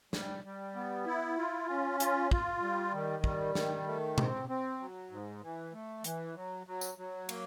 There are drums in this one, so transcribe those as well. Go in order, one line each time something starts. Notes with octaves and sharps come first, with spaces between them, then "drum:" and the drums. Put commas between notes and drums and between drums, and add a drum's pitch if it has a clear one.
G3, drum: snare
G3
B3
E4
F4
C#4
F4, drum: hi-hat
F4, drum: kick
G3
D#3
G3, drum: kick
D#3, drum: snare
A3
C4, drum: tom B2
C4
F#3
G#2
E3
A3
E3, drum: hi-hat
F#3
F#3
drum: tambourine
F#3
A#3, drum: cymbal